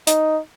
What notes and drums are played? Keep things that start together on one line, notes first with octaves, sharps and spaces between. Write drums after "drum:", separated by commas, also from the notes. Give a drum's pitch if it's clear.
D#4, drum: hi-hat